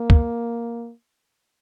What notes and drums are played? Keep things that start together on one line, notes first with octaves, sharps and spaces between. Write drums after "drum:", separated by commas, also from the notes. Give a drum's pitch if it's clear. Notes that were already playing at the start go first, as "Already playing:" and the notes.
Already playing: A#3
drum: kick